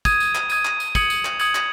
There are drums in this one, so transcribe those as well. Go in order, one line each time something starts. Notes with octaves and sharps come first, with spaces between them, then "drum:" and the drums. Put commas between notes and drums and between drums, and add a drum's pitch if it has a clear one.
D#6 G#6 D#7, drum: kick, tambourine
drum: tambourine
drum: clap
D#6 G#6 D#7, drum: tambourine
drum: clap
drum: tambourine
D#6 G#6 C#7 F#7, drum: kick, tambourine
drum: tambourine
drum: clap
D#6 G#6 C#7 F#7, drum: tambourine
drum: clap